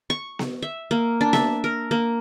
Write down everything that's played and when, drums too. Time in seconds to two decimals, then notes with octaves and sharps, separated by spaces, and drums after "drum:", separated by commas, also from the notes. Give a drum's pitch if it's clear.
0.10 C#6
0.39 drum: snare B3
0.62 E5
0.91 A#3
1.21 D4
1.33 E5, drum: snare B3
1.64 A#4
1.91 A#3